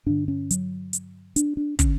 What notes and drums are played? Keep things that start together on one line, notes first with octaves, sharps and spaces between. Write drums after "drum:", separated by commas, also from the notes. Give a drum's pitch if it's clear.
G2 D3 D4
C#4
F#3, drum: hi-hat
drum: hi-hat
D4, drum: hi-hat
D4
D3 C#4, drum: kick, hi-hat